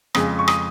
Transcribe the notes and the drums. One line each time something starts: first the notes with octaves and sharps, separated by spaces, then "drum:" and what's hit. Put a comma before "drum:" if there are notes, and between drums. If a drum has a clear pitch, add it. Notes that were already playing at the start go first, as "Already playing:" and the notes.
F2 C#3 G#3 D#6, drum: rim click
C#6
D#6, drum: rim click